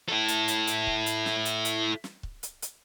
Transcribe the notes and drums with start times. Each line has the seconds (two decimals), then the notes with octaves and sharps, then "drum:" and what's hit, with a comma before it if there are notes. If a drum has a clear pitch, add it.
0.09 E4 A4
0.28 drum: hi-hat
0.48 drum: hi-hat
0.67 drum: hi-hat
0.87 drum: kick C#1
1.06 drum: hi-hat
1.26 drum: snare
1.45 drum: hi-hat
1.65 drum: hi-hat
2.04 drum: snare
2.23 drum: kick C#1
2.43 drum: hi-hat
2.62 drum: hi-hat